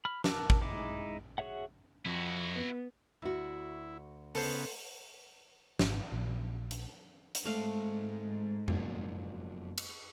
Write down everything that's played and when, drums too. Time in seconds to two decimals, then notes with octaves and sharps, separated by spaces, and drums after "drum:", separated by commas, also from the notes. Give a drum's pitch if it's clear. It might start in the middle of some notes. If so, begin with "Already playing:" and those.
0.05 B5 F6
0.24 A#4 A5 D6 E6 F#6, drum: snare
0.50 drum: kick
0.61 G#3 D#4 E4 D6
1.38 F#4 G#4 C#5 E5 F#5
2.06 F2 E4 F#4
2.55 B3
3.22 D2 E4 F#4
4.35 C#3 B3 A4 C5, drum: open hi-hat
5.79 G#1, drum: snare
6.12 A#1
6.71 drum: hi-hat
7.35 drum: hi-hat
7.45 G#2 G#3 A3 C4 C5 F5
8.68 F#1 F#2 B2 F3 D4, drum: tom F2
9.78 drum: cymbal